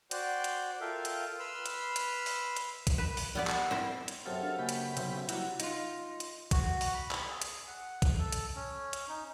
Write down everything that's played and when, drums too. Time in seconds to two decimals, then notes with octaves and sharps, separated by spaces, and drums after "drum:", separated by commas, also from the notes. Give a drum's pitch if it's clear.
0.11 F#4 C5 D5 G5, drum: hi-hat
0.44 drum: hi-hat
0.81 F4 A4 A#4 E5 F5 G5
1.05 drum: hi-hat
1.39 B4 B5 C6 E6 F6
1.66 drum: hi-hat
1.96 drum: hi-hat
2.26 drum: open hi-hat
2.56 drum: hi-hat
2.87 drum: kick, hi-hat
2.98 B4
3.17 drum: open hi-hat
3.35 G3 B3 D5
3.47 drum: clap
3.71 G3 C4 E4
4.08 drum: hi-hat
4.26 F#2 C3 C4 A4 F5
4.43 D4
4.59 C#3 A#3 G5 G#5 B5
4.69 drum: hi-hat
4.97 B1 C3 C5 E5, drum: hi-hat
5.29 F#3 G3 A#3 E4 F#4 E5 E6, drum: hi-hat
5.60 D#4 F4, drum: hi-hat
6.20 drum: hi-hat
6.51 F#4, drum: kick, hi-hat
6.81 drum: open hi-hat
6.94 B5
7.11 drum: clap
7.26 G#4
7.42 drum: hi-hat
7.67 F#5
8.02 drum: kick, hi-hat
8.18 A4
8.32 drum: hi-hat
8.55 C#4
8.93 drum: hi-hat
9.08 D#4